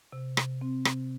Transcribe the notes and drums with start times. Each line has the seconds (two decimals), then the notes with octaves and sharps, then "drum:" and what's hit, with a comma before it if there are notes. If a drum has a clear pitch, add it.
0.12 C3
0.37 C3, drum: rim click
0.61 C4
0.85 C3, drum: rim click